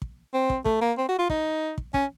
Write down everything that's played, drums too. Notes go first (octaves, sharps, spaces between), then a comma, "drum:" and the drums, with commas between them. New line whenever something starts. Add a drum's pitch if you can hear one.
drum: kick
C4
drum: kick
A3, drum: kick
A#3
C4
F#4
F4
D#4, drum: kick
drum: kick
C#4, drum: kick